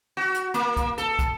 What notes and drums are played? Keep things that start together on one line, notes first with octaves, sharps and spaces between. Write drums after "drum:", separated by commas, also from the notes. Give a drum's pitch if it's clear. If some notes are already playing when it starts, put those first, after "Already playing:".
F#4
drum: hi-hat
A#3, drum: hi-hat
drum: kick, hi-hat
A4, drum: hi-hat
drum: kick, hi-hat